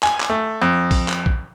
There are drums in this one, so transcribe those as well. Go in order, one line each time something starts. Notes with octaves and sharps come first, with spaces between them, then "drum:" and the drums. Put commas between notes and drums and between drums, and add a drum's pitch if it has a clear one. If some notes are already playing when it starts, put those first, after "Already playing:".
G#5, drum: clap
drum: clap
A3
F2
drum: kick A#1, open hi-hat
drum: clap
drum: kick A#1